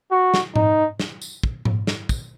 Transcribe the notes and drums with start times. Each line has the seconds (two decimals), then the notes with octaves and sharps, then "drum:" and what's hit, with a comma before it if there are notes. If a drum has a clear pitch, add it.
0.12 F#4
0.34 drum: snare
0.56 D#4, drum: tom G#2
1.00 drum: snare
1.21 drum: tambourine
1.43 drum: kick
1.65 drum: tom G#2
1.87 drum: snare
2.09 drum: kick, tambourine